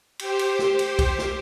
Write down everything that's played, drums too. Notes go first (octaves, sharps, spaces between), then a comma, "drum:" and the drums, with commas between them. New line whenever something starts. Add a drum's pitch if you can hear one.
G4 C5, drum: cymbal
drum: cymbal
drum: snare
drum: cymbal
drum: kick B1, cymbal
drum: snare